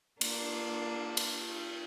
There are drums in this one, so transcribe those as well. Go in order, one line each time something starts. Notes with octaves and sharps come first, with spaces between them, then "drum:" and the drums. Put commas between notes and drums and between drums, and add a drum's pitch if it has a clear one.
A#3 D4, drum: cymbal
drum: cymbal